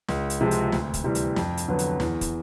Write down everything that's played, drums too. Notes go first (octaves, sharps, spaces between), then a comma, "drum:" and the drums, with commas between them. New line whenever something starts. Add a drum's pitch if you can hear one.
C#2, drum: snare
drum: hi-hat
C3 F3 G#3 C4
drum: hi-hat
D2, drum: snare
drum: kick, hi-hat
C3 E3 G3
drum: hi-hat
F2, drum: snare
drum: hi-hat
D3 F#3 B3
drum: hi-hat
E2, drum: snare
drum: kick, hi-hat